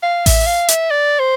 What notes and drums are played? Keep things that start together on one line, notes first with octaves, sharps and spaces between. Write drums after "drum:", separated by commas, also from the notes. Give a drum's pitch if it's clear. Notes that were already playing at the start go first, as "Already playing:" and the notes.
F5
E5, drum: kick A1, open hi-hat
F5
E5, drum: hi-hat
D5
C5